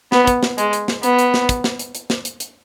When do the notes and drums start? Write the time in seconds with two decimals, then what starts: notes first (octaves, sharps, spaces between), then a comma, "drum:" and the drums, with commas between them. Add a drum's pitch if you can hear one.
0.12 B3, drum: snare
0.27 drum: kick, hi-hat
0.43 drum: snare
0.58 G#3, drum: hi-hat
0.73 drum: hi-hat
0.88 drum: snare
1.03 B3, drum: hi-hat
1.19 drum: hi-hat
1.34 drum: snare
1.49 drum: kick, hi-hat
1.64 drum: snare
1.79 drum: hi-hat
1.95 drum: hi-hat
2.10 drum: snare
2.25 drum: hi-hat
2.40 drum: hi-hat